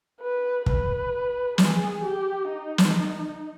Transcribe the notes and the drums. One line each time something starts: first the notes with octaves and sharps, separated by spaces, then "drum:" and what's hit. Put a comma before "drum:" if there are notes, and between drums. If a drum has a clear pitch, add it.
B4
B4, drum: kick
G#4, drum: snare
G4
D#4
drum: snare